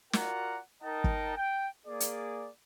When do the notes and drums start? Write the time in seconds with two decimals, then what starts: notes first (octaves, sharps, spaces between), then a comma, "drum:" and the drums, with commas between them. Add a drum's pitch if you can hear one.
0.13 F4 F#4 A#4 D5 F#5 A#5, drum: snare
0.83 D#4 A#4 D#5 G5 A5
1.04 drum: kick
1.36 G5
1.86 A#3 G#4 D5
2.00 drum: hi-hat